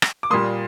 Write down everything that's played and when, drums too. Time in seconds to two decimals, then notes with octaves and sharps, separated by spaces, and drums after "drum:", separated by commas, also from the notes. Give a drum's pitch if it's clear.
0.02 drum: rim click
0.23 D6
0.30 A#2 G3 A#3 C6 D#6